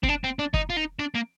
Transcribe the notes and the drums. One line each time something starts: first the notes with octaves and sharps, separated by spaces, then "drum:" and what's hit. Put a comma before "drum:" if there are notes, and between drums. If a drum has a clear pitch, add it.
C4, drum: kick
D4
C4
D4
D#4, drum: kick
F4
D#4
D4
A#3